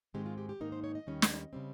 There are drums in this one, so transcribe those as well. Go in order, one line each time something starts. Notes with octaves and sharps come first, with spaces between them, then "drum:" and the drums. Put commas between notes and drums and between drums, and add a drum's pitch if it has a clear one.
G#2 D#3 G#3 C4 G4
F4
G4
G4
G#2 D#3 A#3 D#4 A#4
C5
C#5
D#5
D#2 D#3 G3 C#4
drum: snare
C#3 G3 C4